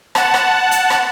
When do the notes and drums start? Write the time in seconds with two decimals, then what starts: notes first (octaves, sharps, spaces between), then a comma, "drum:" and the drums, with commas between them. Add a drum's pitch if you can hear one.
0.15 F#5 A5, drum: rim click
0.34 drum: rim click
0.71 drum: hi-hat
0.90 drum: rim click